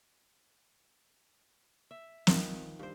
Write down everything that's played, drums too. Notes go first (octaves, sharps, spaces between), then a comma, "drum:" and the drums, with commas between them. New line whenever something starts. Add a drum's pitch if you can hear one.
E5
D#3 F3 B4, drum: snare
G2 C5